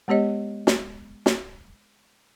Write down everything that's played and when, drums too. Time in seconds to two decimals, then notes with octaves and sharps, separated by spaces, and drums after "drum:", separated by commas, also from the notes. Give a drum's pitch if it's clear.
0.08 G#3 B3 G4 C#5 D#5
0.67 drum: snare
1.26 drum: snare